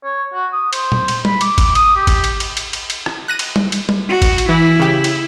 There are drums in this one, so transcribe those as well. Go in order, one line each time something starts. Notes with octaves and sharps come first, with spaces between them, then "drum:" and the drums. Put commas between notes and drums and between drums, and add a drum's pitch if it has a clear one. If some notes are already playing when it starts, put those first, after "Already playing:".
C#5
F#4
D#6
C5, drum: cymbal
drum: tom
drum: cymbal
B5, drum: tom G3
D6, drum: cymbal
drum: kick G#1, cymbal
D#6, drum: cymbal
G4
drum: kick G#1, cymbal
drum: cymbal
drum: cymbal
drum: cymbal
drum: cymbal
drum: cymbal
drum: rim click
F#6 A#6 D#7
drum: cymbal
drum: tom G3
drum: cymbal
drum: tom G3
F#4
drum: kick G#1, cymbal
drum: cymbal
E3 E4
C#3 G4
drum: cymbal